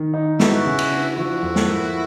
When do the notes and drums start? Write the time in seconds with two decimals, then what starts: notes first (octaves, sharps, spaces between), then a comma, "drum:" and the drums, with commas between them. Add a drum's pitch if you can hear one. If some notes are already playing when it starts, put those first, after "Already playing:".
Already playing: D#3
0.14 D#4
0.40 B3 E4 F#4, drum: snare
0.65 C#3
0.78 drum: cymbal
0.92 D4
1.17 F3 E4 F#4
1.42 F2
1.56 drum: snare
1.68 A#3